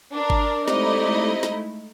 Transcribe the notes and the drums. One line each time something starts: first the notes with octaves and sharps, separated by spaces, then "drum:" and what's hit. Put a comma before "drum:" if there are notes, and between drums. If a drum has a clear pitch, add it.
D4 A#4 D5
drum: kick G#1
G#3 A3 C4 D#4 E4 G4 C5 D#5, drum: snare
drum: snare